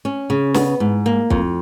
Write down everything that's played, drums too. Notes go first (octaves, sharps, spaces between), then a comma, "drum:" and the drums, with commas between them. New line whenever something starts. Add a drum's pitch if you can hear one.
C#4
C#3
B3, drum: snare
G#2
A#3
F2, drum: kick